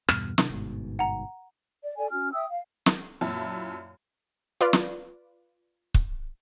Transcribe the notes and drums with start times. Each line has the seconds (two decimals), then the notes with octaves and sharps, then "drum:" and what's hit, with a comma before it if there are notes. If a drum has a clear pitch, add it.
0.09 E2 G2 B2 F6, drum: rim click
0.38 C3 D#3 D4, drum: snare
0.50 G1 G#2 B2
0.99 F#5 A#5
1.82 D5
1.97 A4 D5 G5 G#5
2.11 C#4 F#4 G#5 F6
2.32 E5 G5 D#6 E6
2.49 F5
2.86 drum: snare
3.21 F#2 A#2 E4 A5
4.61 F4 B4 D5
4.73 drum: snare
5.94 drum: kick